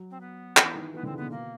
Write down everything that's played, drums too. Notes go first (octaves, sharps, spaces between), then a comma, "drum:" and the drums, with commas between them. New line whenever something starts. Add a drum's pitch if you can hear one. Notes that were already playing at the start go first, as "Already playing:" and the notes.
Already playing: F#3
C4
B3
E3, drum: clap
D#3
E3 B3
D3
C4
C#3
B2 B3
B2 A#3